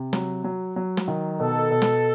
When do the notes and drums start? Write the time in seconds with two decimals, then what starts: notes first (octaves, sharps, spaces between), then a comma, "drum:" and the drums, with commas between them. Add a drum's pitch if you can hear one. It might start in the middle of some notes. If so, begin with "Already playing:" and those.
Already playing: C3
0.13 F#3, drum: snare
0.44 F#3
0.76 F#3
0.97 drum: snare
1.08 D#3
1.39 B2 A4
1.71 B2
1.82 drum: snare